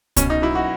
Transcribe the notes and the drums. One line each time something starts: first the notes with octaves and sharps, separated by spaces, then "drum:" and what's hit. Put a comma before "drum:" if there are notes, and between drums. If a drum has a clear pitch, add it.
B2 C#4, drum: kick C2, hi-hat
D#4
F#3 E4
F#4